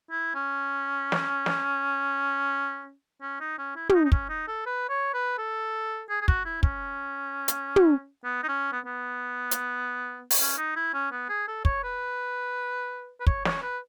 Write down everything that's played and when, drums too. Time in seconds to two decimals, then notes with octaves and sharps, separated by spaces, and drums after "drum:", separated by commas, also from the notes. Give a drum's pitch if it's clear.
0.11 E4
0.35 C#4
1.12 drum: snare
1.46 drum: snare
3.22 C#4
3.40 D#4
3.59 C#4
3.76 E4
3.89 C#4, drum: tom
3.95 D#4
4.05 D#4
4.12 C#4, drum: kick
4.29 D#4
4.48 A4
4.66 B4
4.89 C#5
5.14 B4
5.38 A4
6.09 G#4
6.21 G#4
6.28 F#4, drum: kick
6.45 E4
6.63 C#4, drum: kick
7.48 drum: hi-hat
7.76 drum: tom
8.24 B3
8.43 D#4
8.49 C#4
8.72 B3
8.86 B3
9.51 drum: hi-hat
10.30 drum: open hi-hat
10.40 C#4
10.58 D#4
10.76 E4
10.94 C#4
11.12 B3
11.29 G#4
11.48 A4
11.65 C#5, drum: kick
11.84 B4
13.21 B4
13.27 C#5, drum: kick
13.45 C#5, drum: snare
13.62 B4